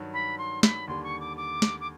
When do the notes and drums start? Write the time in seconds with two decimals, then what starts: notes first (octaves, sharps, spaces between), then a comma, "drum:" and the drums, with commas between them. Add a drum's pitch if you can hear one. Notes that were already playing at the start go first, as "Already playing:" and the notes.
Already playing: G2 D#3 F#3
0.13 B5
0.38 C6
0.63 B5, drum: snare
0.88 D#2 D3 G3 C6
1.04 C#6
1.20 D6
1.37 D6
1.62 drum: snare
1.80 D6